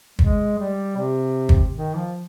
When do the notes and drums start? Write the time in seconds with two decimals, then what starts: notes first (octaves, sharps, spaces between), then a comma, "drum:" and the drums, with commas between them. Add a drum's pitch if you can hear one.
0.19 G#3, drum: kick G1
0.58 G3
0.97 C3
1.49 drum: kick G1
1.75 D#3
1.95 F3